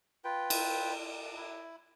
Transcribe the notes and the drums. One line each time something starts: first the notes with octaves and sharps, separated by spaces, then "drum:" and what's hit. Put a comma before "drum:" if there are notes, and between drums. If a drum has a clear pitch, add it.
F4 B4 G5
drum: cymbal
E4